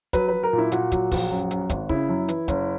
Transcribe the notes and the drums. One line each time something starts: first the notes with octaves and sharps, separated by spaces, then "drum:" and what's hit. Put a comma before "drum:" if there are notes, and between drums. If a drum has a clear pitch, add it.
F#3 B4, drum: kick, hi-hat
F#3 B4
A#4
A#2
E4
A#2 F#4, drum: hi-hat
F#3, drum: kick, hi-hat
A#1, drum: kick, open hi-hat
F#2
F#2, drum: hi-hat
G#1, drum: kick, hi-hat
C#3 E4, drum: kick
F#2
E3, drum: hi-hat
F#1, drum: kick, hi-hat